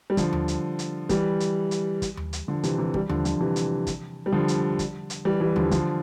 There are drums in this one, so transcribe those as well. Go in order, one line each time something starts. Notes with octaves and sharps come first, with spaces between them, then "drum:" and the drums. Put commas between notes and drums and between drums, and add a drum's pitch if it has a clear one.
G3
D3 F3, drum: kick, hi-hat
drum: tom D#2
drum: hi-hat
drum: hi-hat
E3 G3, drum: kick, hi-hat
drum: hi-hat
drum: hi-hat
drum: kick, hi-hat
drum: tom D#2
drum: hi-hat
D3 F3
C3 E3, drum: hi-hat
C3 E3
E3 G3, drum: kick
D3 F3, drum: tom D#2
D3 F3, drum: hi-hat
C3 E3
drum: hi-hat
drum: kick, hi-hat
G3
D3 F3
drum: hi-hat
drum: kick, hi-hat
drum: hi-hat
E3 G3
E3 G3
D3 F3, drum: tom D#2
D3 F3, drum: kick, hi-hat